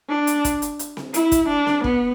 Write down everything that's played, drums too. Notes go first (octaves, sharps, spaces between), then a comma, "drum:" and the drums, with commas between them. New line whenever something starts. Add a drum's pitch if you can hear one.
D4
drum: hi-hat
drum: kick, hi-hat
drum: hi-hat
drum: hi-hat
drum: snare C4
E4, drum: hi-hat
drum: kick, hi-hat
D4
drum: snare C4
B3, drum: kick